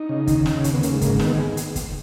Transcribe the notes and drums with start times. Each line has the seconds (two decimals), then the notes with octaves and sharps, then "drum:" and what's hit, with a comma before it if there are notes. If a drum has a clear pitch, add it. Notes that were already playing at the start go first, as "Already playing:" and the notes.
Already playing: D#4
0.09 C#3
0.27 D#2, drum: kick, hi-hat
0.46 C#3, drum: snare
0.64 D#2 C#4, drum: hi-hat
0.73 B3
0.83 C#3 A#3, drum: hi-hat
0.92 G#3
1.01 G#2 A#3, drum: kick, hi-hat
1.19 D#3 B3, drum: snare
1.38 G#4
1.57 drum: hi-hat
1.76 drum: kick, hi-hat